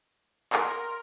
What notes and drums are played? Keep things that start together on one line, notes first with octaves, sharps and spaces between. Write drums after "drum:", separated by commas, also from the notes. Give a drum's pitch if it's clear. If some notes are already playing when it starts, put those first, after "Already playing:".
A#4 C6, drum: clap
A#4